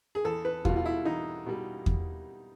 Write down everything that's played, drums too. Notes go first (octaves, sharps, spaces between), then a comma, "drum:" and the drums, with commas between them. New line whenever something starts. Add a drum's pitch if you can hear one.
G#4
E2 A4
B4
B2 G3 F4, drum: kick E2
F4
E4
E2 D#4
B2 G3
drum: kick E2